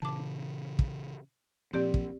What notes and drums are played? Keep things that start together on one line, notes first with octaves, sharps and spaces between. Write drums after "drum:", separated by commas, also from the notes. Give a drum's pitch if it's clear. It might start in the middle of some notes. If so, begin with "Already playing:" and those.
A#2 C#3 E3 A5 D6
drum: kick
A#2 F3 C4 G4 D5
drum: kick